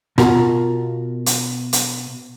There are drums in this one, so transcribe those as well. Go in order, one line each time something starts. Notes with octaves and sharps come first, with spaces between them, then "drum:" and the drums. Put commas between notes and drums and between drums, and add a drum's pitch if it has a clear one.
B2 F4 F#4 A#4, drum: rim click
drum: hi-hat
drum: hi-hat